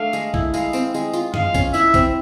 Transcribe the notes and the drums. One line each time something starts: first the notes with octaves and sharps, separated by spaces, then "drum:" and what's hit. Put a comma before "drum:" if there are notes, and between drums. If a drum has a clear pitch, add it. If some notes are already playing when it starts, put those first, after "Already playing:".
Already playing: A3 D4 F5
G#3, drum: tambourine
E4, drum: kick
G#3 F5, drum: tambourine
C4, drum: tambourine
G#3, drum: tambourine
F4, drum: tambourine
G#3 F5, drum: tom F#2
C#4, drum: kick, tambourine
E4 E5, drum: tambourine
C4, drum: kick, tambourine